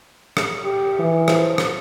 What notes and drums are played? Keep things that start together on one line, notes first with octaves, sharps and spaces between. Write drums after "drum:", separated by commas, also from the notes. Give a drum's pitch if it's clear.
drum: rim click
G4
E3
F3, drum: rim click
drum: rim click